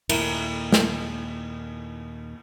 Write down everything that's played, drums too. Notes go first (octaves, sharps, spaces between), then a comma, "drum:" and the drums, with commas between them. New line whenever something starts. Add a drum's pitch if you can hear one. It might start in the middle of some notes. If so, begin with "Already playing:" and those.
D#2 A#2 A3 E4 A#4, drum: cymbal
drum: snare